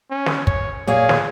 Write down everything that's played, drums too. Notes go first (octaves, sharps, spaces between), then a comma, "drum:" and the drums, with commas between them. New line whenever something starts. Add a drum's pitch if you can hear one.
C#4
drum: snare
C#5, drum: kick
A#2 G#4 C#5 F5
drum: snare